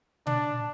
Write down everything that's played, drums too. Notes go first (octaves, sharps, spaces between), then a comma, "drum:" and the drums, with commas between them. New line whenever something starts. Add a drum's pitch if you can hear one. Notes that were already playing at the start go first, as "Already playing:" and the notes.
D4, drum: tom A#2